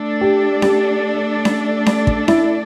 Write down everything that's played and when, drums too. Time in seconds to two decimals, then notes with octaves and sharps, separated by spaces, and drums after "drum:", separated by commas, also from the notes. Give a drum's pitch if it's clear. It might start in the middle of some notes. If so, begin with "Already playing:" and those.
Already playing: A3 D4 A4 D5
0.21 G4
0.62 G4, drum: snare C#4
1.45 drum: snare C#4
1.86 drum: snare C#4
2.07 drum: kick
2.28 E4, drum: snare C#4